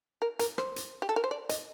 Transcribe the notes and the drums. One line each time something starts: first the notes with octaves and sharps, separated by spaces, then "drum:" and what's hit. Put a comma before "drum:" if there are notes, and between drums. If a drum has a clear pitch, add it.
A#4
A#4, drum: hi-hat
C5, drum: rim click
drum: hi-hat
G4
A4
A#4
C5
D5
D#5, drum: hi-hat